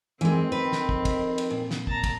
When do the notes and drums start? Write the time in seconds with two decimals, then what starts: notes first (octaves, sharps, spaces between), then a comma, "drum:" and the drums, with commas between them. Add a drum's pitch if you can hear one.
0.21 F2 D#3 E3 G#3 C4
0.52 B4
0.72 drum: snare
0.89 drum: kick
1.05 drum: kick, cymbal
1.38 drum: cymbal
1.51 A#2
1.71 drum: snare
1.87 A5 A#5, drum: kick
2.04 drum: kick, cymbal